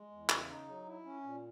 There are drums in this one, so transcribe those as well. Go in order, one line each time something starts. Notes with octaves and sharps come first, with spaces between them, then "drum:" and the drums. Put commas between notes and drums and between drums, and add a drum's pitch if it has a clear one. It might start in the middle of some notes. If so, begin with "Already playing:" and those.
Already playing: G#3
E2
C#3, drum: clap
D#4
F#3
E4
C#4
A#2